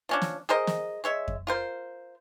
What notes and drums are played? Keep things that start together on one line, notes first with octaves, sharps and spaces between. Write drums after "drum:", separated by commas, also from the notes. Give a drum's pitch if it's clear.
F3 C#4 D4
drum: snare
G#4 A#4 C5 D#5
drum: snare
G#3 C#5 E5
drum: kick F2
F4 A#4 C5